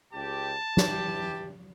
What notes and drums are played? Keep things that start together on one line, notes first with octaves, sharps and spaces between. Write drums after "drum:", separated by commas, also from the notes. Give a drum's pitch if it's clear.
C#2 G4 A5
E3 E4 G4, drum: snare